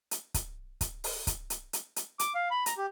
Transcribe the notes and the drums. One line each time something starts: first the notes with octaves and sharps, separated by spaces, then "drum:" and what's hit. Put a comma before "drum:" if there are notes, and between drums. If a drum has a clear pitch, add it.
drum: hi-hat
drum: kick, hi-hat
drum: kick, hi-hat
drum: open hi-hat
drum: kick, hi-hat
drum: hi-hat
drum: hi-hat
drum: hi-hat
D6, drum: hi-hat
F5
B5
A#5, drum: hi-hat
G4